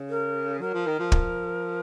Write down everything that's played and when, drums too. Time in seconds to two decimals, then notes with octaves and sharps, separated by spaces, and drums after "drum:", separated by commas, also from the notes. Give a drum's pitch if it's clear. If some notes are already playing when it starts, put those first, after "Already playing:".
Already playing: C#3
0.10 A#4
0.61 F#3 A#4
0.74 F3
0.86 D#3
1.00 F3
1.12 drum: kick